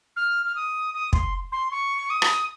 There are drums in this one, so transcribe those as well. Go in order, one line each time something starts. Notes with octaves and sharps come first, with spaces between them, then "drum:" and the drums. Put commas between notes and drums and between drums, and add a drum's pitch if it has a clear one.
F6
F6
D#6
D#6
C6, drum: kick
C6
C#6
D#6
drum: rim click